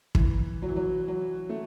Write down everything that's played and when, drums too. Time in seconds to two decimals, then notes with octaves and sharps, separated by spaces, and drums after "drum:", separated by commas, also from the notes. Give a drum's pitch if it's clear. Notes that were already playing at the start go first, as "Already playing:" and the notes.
0.15 E3, drum: kick
0.62 F#3
0.68 E3
0.76 F#3
1.08 F#3
1.49 A3